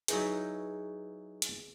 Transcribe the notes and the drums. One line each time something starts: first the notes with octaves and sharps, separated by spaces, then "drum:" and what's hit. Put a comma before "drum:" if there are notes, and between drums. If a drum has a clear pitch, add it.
F#3 D#4 E4 G#4 B4 G#5, drum: hi-hat
drum: hi-hat